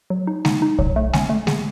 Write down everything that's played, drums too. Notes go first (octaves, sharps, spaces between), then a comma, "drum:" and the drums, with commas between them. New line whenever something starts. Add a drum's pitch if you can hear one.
F#3
D#4
D#4, drum: snare G#3
D#4
F#3, drum: kick
A3
C#4, drum: snare G#3
A3
C#3, drum: snare G#3